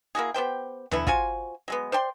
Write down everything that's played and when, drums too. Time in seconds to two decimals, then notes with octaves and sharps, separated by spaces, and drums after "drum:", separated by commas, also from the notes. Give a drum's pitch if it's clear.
0.15 A#3 E4 F#4 G#4
0.34 B3 G4 C5 G5
0.91 D3 E3 B3 E4, drum: tom D#2
1.07 F4 F#4 C5 G#5, drum: kick
1.68 F#3 G#3 B3
1.92 C5 D5 G5 C6